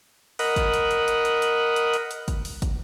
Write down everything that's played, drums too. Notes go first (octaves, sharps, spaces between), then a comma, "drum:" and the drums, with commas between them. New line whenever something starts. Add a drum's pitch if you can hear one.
A#4 D#5 F#5 B5, drum: open hi-hat
drum: kick, hi-hat
drum: hi-hat
drum: hi-hat
drum: hi-hat
drum: hi-hat
drum: hi-hat
drum: hi-hat
drum: hi-hat
drum: hi-hat
drum: kick, hi-hat
drum: open hi-hat
drum: kick, hi-hat